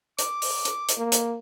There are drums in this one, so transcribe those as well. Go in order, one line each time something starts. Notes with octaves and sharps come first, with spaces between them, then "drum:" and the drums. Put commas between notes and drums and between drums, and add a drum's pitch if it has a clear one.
D6, drum: hi-hat
drum: open hi-hat
drum: hi-hat
drum: hi-hat
A#3
drum: hi-hat